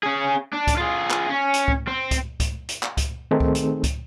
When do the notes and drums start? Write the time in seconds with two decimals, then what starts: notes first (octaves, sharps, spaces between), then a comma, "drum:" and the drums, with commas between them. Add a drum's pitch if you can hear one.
0.03 C#4 G#4
0.53 D4
0.67 drum: kick C#2, hi-hat
0.77 F4 G#4
1.11 drum: clap
1.29 C#4
1.54 drum: hi-hat
1.68 drum: kick C#2
1.87 C4
2.11 drum: kick C#2, hi-hat
2.40 drum: kick C#2, hi-hat
2.69 drum: hi-hat
2.83 drum: clap
2.97 drum: kick C#2, hi-hat
3.31 D#3 A3 C4 D#4 G#4 A4
3.40 drum: kick C#2
3.55 drum: hi-hat
3.84 drum: kick C#2, hi-hat